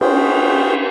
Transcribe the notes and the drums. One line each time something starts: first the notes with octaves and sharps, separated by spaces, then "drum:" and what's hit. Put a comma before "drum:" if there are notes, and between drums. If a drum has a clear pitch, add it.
F4 F#4 G#4 G5, drum: cymbal